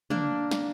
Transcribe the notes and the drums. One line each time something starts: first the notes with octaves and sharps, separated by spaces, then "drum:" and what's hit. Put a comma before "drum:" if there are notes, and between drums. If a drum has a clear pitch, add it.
A#3 D4, drum: tom
drum: snare